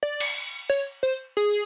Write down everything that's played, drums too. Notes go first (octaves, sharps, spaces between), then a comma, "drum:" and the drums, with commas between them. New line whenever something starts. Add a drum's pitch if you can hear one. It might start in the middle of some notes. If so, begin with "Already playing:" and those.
D5
drum: cymbal
C#5
C5
G#4